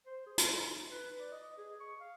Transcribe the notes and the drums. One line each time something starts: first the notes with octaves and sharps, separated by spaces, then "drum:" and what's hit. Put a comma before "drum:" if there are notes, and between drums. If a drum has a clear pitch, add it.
C5
G#4
F4, drum: hi-hat
D#4
B4
D5
D#5
G#4
C#6
F5